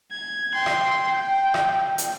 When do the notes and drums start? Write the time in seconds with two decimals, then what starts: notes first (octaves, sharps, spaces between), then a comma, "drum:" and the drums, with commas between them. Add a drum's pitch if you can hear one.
0.12 G#6
0.53 G5 C6
0.66 drum: rim click
1.10 G5
1.54 drum: rim click
1.98 drum: hi-hat